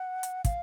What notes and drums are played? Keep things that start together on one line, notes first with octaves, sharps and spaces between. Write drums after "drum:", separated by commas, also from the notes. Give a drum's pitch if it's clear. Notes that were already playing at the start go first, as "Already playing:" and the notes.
Already playing: F#5
drum: hi-hat
F5, drum: kick, hi-hat